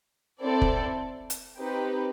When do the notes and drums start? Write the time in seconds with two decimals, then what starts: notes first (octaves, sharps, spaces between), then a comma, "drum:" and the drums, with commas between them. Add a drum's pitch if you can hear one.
0.40 C4 E4 A4 D5
0.62 drum: kick F1
1.30 drum: hi-hat
1.58 C4 D#4 G4 B4